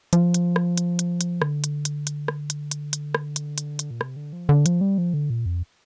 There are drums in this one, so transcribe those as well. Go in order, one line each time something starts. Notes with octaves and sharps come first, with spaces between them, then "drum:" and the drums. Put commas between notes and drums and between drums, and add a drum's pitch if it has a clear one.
F3, drum: hi-hat
drum: hi-hat
drum: rim click
drum: hi-hat
drum: hi-hat
drum: hi-hat
D3, drum: rim click
drum: hi-hat
drum: hi-hat
drum: hi-hat
drum: rim click
drum: hi-hat
drum: hi-hat
drum: hi-hat
drum: rim click
drum: hi-hat
drum: hi-hat
drum: hi-hat
A#2
C3, drum: rim click
D3
F3
D3
F3, drum: hi-hat
G3
F3
D3
A#2
F2